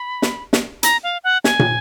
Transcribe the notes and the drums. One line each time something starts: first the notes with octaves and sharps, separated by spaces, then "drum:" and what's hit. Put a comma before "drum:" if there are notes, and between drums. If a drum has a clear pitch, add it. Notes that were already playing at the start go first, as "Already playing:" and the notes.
Already playing: B5
drum: snare
drum: snare
A#5, drum: hi-hat
F5
F#5
G#5, drum: snare
drum: tom